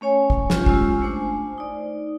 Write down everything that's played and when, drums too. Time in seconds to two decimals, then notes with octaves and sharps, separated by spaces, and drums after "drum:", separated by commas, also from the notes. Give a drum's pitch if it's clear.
0.01 A3 C#4 C#5 G#5
0.30 drum: kick
0.50 C#4 F4 G4 G#5, drum: snare
0.66 G#3 C#4 F4 E6, drum: kick
1.02 A3 D4 C5 G#5
1.58 D#4 D5